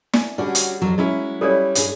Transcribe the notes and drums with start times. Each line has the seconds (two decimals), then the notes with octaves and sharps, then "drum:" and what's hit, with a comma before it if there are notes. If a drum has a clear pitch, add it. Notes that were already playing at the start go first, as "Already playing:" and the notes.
0.13 D4 G#5, drum: snare
0.38 D3 G3 C#4 D4 F#4 G#4
0.55 drum: hi-hat
0.82 F2 F#3
0.98 F#3 G#3 C#4 E4
1.41 G3 C#4 E4 A4 C#5 D5
1.75 G2 G#4, drum: hi-hat